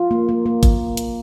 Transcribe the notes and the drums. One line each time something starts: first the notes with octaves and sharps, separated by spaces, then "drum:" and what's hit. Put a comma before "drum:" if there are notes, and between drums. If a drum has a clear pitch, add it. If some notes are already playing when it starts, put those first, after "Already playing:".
Already playing: F4
A#3
A#3
A#3
drum: kick, hi-hat
drum: hi-hat